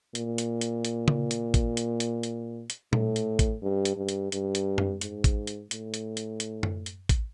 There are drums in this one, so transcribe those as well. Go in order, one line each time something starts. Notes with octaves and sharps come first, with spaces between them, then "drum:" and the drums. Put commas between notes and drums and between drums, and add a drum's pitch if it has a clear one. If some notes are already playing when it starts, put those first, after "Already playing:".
A#2, drum: hi-hat
drum: hi-hat
drum: hi-hat
drum: hi-hat
drum: tom C#3
drum: hi-hat
drum: kick A1, hi-hat
drum: hi-hat
drum: hi-hat
drum: hi-hat
drum: hi-hat
A2, drum: tom A#2
drum: hi-hat
drum: kick A1, hi-hat
G2
drum: hi-hat
G2
drum: hi-hat
G2, drum: hi-hat
drum: hi-hat
drum: tom F#2
G#2, drum: hi-hat
drum: kick A1, hi-hat
drum: hi-hat
A2, drum: hi-hat
drum: hi-hat
drum: hi-hat
drum: hi-hat
drum: tom F#2
drum: hi-hat
drum: kick A1, hi-hat